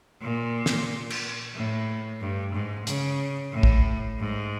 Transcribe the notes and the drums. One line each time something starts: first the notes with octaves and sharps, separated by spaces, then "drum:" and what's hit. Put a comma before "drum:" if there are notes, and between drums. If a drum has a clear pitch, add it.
A#2
drum: snare
drum: cymbal
A2
G2
G#2
C#3, drum: hi-hat
A2
drum: kick
G#2